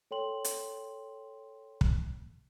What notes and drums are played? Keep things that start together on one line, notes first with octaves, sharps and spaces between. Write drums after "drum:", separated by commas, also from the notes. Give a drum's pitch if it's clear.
A4 C#5 G5 C6 F#7
drum: hi-hat
drum: kick